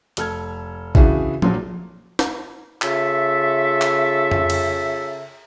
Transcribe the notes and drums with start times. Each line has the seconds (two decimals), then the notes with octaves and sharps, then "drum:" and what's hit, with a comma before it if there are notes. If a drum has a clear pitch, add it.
0.17 F1 A4 F6 G#6, drum: hi-hat
0.95 C#3 E3 D4 E4 F#4 G#4, drum: kick
1.42 A#2 F3 F#3 D4, drum: tom F3
2.19 drum: snare
2.82 C#3 F4 A4 E5, drum: clap
3.81 drum: clap
4.31 drum: tom F2
4.50 drum: cymbal